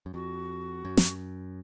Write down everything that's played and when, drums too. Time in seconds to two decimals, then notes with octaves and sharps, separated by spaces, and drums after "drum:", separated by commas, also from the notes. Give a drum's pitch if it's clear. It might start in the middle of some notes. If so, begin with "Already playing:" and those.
0.06 F#2
0.14 F2 F#4
0.85 F#2
0.97 drum: snare